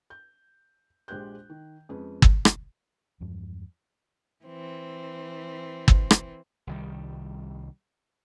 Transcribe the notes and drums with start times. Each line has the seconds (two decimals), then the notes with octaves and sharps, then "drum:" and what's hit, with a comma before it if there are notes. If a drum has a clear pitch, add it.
0.10 G6
1.08 A#1 G#3 G4 C5 F#6 G6
1.50 D#3
1.89 F2 G#3 C#4 G#4 B4
2.22 drum: kick G1
2.45 drum: rim click
3.21 E2 G2 F3 G#3
4.44 E3 C4
5.88 drum: kick G1
6.11 drum: rim click
6.67 C2 D#3 G3